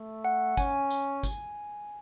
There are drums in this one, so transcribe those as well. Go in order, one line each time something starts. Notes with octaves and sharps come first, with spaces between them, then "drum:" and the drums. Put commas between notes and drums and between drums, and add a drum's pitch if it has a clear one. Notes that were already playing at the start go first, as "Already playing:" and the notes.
Already playing: A3
F#5
C#4 G#5, drum: kick, tambourine
drum: tambourine
drum: kick, tambourine